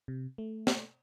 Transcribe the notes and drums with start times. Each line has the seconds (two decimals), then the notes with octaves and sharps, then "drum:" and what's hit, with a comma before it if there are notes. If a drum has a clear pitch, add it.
0.08 C3
0.38 A3
0.67 drum: snare